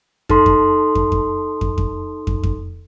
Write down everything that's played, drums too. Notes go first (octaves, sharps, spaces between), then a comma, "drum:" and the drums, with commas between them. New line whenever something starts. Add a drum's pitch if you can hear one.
D#4 A4 C6, drum: kick
drum: kick
drum: kick
drum: kick
drum: kick
drum: kick
drum: kick
drum: kick